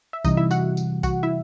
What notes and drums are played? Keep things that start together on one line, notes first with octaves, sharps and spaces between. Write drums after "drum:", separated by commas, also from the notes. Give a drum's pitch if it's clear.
E5
C3 E3 G3 D#4 D#5, drum: kick B1, tambourine
E4 E5
F#4 F#5, drum: tambourine
drum: tambourine
F#4 F#5, drum: kick B1, tambourine
E4 E5